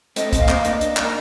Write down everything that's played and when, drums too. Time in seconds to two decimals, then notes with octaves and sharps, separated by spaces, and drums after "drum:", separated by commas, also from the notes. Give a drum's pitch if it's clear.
0.16 A3 C4 D#5, drum: hi-hat
0.33 A3 C4, drum: kick, hi-hat
0.40 F5
0.48 A#3, drum: clap
0.65 A#3 D4 D#5, drum: hi-hat
0.81 drum: hi-hat
0.97 A#3 D4, drum: clap
1.03 A#4